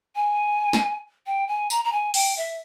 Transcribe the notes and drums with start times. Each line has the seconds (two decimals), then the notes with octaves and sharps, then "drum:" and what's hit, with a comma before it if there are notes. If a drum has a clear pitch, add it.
0.15 G#5
0.73 drum: snare
1.27 G5
1.48 G#5
1.70 A#5, drum: tambourine
1.84 A#5
1.92 G#5
2.14 G5, drum: open hi-hat
2.37 E5